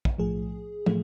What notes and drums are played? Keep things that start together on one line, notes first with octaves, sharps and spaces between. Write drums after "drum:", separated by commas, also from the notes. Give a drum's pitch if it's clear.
drum: kick
B1 A2 F3 A3 G#4
A2 F3 A3, drum: tom